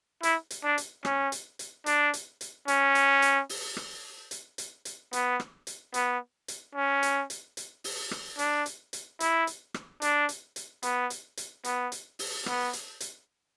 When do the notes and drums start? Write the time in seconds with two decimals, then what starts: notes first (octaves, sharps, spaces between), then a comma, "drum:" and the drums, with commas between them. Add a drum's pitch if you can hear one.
0.23 E4, drum: hi-hat
0.50 drum: hi-hat
0.64 D4
0.78 drum: hi-hat
1.05 C#4, drum: rim click
1.32 drum: hi-hat
1.59 drum: hi-hat
1.86 D4, drum: hi-hat
2.14 drum: hi-hat
2.41 drum: hi-hat
2.68 C#4, drum: hi-hat
2.95 drum: hi-hat
3.22 drum: hi-hat
3.49 drum: open hi-hat
3.77 drum: rim click
4.31 drum: hi-hat
4.58 drum: hi-hat
4.85 drum: hi-hat
5.13 B3, drum: hi-hat
5.40 drum: rim click
5.67 drum: hi-hat
5.94 B3, drum: hi-hat
6.48 drum: hi-hat
6.75 C#4
7.03 drum: hi-hat
7.30 drum: hi-hat
7.57 drum: hi-hat
7.84 drum: open hi-hat
8.11 drum: rim click
8.39 D4, drum: hi-hat
8.66 drum: hi-hat
8.93 drum: hi-hat
9.20 E4, drum: hi-hat
9.47 drum: hi-hat
9.74 drum: rim click
10.02 D4, drum: hi-hat
10.29 drum: hi-hat
10.56 drum: hi-hat
10.83 B3, drum: hi-hat
11.10 drum: hi-hat
11.37 drum: hi-hat
11.64 B3, drum: hi-hat
11.92 drum: hi-hat
12.19 drum: open hi-hat
12.46 B3, drum: rim click
12.73 drum: hi-hat
13.00 drum: hi-hat